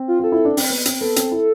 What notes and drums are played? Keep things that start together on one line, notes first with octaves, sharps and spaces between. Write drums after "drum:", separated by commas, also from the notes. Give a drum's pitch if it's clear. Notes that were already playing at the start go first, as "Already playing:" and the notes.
Already playing: C4
F4
F4 A4
E4
D4
C4, drum: open hi-hat
B3
C4, drum: hi-hat
B3 A4
C4, drum: hi-hat
E4